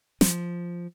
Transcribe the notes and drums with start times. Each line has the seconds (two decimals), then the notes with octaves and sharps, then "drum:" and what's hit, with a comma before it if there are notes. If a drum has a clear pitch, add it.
0.21 F3, drum: snare